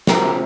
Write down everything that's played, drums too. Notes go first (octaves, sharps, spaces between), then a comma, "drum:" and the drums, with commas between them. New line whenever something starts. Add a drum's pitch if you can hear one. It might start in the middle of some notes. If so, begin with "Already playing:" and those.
C#2 C3 F3 C4 F#4 A#4, drum: snare